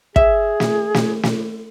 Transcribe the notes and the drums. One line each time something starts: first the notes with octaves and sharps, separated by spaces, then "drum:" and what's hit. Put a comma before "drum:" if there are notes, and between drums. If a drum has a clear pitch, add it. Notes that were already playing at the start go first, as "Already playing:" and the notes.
G#4 E5, drum: kick
drum: snare
drum: snare
drum: snare